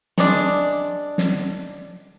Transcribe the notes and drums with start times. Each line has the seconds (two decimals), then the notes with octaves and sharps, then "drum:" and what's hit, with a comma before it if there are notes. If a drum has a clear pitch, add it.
0.18 G#3 D4, drum: snare
1.18 drum: snare